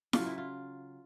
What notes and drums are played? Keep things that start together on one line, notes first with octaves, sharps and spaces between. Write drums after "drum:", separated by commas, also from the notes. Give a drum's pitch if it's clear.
C#3 F#3 F4, drum: snare E4
E4
F4